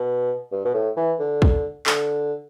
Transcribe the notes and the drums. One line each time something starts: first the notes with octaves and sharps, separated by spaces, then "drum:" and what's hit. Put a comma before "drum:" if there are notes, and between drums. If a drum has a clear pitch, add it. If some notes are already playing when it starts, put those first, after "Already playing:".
Already playing: B2
G2
B2
A2
E3
D3
drum: kick
D3, drum: clap